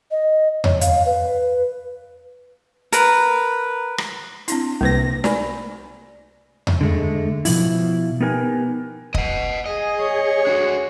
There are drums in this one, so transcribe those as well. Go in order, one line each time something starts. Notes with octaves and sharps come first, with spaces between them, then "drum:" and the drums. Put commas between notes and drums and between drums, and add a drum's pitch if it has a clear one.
D#5
C#5, drum: tom E2
F5, drum: hi-hat
B4
A#4 B4, drum: hi-hat
drum: rim click
C4 D4 E4, drum: hi-hat
C2 C3 A#3 B4 A#6
D5 G#5 B5, drum: snare
drum: tom E2
D3 G#3 A3
B2 F3 E4, drum: open hi-hat
B3 D#4 G4 A#4 B4 G#5
D#5 F#5, drum: kick
G#4 D#5
C#5
D4 F#4